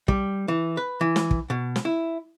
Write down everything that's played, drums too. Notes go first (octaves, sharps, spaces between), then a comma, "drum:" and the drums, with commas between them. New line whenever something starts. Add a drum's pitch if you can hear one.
G3, drum: kick
E3
B4
E3
drum: snare
drum: kick
B2
drum: snare
E4